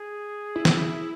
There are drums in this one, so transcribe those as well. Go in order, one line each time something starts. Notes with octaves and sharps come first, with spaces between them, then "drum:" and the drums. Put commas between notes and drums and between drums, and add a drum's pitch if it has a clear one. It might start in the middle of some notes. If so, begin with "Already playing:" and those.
Already playing: G#4
E4
drum: snare